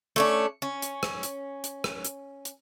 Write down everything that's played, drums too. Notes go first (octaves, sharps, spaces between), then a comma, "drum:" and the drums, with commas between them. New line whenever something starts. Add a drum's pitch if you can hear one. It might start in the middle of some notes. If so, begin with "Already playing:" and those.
A3 C#4 D4
C#4
drum: hi-hat
drum: rim click
drum: hi-hat
drum: hi-hat
drum: rim click
drum: hi-hat
drum: hi-hat